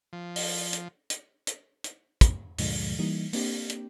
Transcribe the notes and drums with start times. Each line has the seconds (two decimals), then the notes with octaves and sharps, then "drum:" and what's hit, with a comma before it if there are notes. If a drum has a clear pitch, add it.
0.13 F3
0.36 drum: open hi-hat
0.73 drum: hi-hat
1.10 drum: hi-hat
1.47 drum: hi-hat
1.84 drum: hi-hat
2.21 drum: kick, hi-hat
2.58 D2 G2 A#2 D3 F3 G#3, drum: open hi-hat
2.99 E3 G3 A#3 D#4
3.33 A#3 C4 D4 G4, drum: open hi-hat
3.70 drum: hi-hat